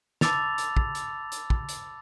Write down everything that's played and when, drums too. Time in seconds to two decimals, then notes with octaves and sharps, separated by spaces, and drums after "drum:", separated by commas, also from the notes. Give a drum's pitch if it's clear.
0.21 A5 B5 D6 E6 A6 F7, drum: snare
0.58 drum: hi-hat
0.77 drum: kick
0.95 drum: hi-hat
1.32 drum: hi-hat
1.50 drum: kick
1.69 drum: hi-hat